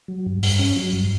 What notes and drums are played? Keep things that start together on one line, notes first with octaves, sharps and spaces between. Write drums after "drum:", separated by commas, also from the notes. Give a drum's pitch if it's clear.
F#3
G2
G2, drum: open hi-hat
C#4
F#3
G2